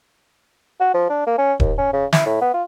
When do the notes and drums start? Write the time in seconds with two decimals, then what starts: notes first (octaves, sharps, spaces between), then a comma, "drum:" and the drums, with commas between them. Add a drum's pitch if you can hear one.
0.80 F#4
0.94 F3
1.09 D4
1.27 A#3
1.38 C#4
1.60 D#2, drum: kick D#1
1.78 C#4
1.93 C#3
2.13 E4, drum: snare
2.26 A2
2.41 B3
2.54 F4